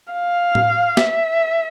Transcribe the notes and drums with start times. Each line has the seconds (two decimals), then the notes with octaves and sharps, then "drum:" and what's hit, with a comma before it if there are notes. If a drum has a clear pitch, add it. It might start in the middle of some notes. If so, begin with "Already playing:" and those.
0.13 F5
0.55 drum: tom A2
0.97 E5, drum: snare